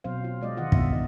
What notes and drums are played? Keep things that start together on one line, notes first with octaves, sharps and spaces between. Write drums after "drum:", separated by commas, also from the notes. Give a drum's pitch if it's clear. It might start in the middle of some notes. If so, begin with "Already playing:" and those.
B2 F#3 C4 C5 F5
F4
G#3 D5 D#5
D3 D#3 F4 D#5 F#5
B2 B3 D#4 E5, drum: kick
D#5